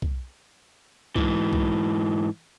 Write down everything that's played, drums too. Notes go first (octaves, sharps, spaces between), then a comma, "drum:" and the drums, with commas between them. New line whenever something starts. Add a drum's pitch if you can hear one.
drum: kick
G#2 E3, drum: kick
drum: kick